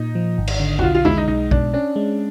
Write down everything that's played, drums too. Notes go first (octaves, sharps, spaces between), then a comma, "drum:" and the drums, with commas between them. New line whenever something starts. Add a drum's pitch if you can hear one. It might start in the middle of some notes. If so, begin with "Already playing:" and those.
Already playing: A#2 D#4
F3
G#1
drum: cymbal
D3
F#4, drum: tom E2
B1 F4
F4
G#3 E4, drum: tom E2
D#4
B1 D#4
B2 D4, drum: kick
C#4 D4
G#3